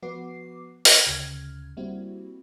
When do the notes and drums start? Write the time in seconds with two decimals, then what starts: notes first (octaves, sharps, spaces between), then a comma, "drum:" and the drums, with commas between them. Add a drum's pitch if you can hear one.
0.02 F3 B3 F#4 B4 D6 C7
0.85 G5, drum: open hi-hat
1.05 D2 C#3 F6 G#6
1.77 G3 A#3 C4 E4 F#4